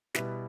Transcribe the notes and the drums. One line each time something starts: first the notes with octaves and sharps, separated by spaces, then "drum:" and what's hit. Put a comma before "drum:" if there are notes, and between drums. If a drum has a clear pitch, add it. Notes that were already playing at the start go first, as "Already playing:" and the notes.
B2 G3 B3 E4 B4, drum: snare